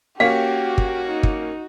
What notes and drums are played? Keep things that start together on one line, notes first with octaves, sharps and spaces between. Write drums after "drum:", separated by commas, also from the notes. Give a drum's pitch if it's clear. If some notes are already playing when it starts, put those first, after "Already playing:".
A#3 C#4 F#4 G4 F5
drum: kick
D#4
drum: kick